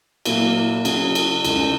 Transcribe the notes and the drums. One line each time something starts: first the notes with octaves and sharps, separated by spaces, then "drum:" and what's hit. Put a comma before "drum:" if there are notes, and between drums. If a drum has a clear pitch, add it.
A#2 F#3 A#3 E4, drum: cymbal
C#3 F#3 C#4 G#4 C#5, drum: cymbal
drum: cymbal
C#2 C#3 G#3 D#4, drum: cymbal